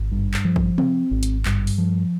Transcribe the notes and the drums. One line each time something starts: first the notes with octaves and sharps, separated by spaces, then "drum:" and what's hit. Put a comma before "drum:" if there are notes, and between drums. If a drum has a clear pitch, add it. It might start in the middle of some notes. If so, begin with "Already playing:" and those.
Already playing: G#1
G2
drum: clap
F3
drum: kick
C4, drum: tom C3
G#1
drum: hi-hat
G2, drum: clap
drum: open hi-hat
F3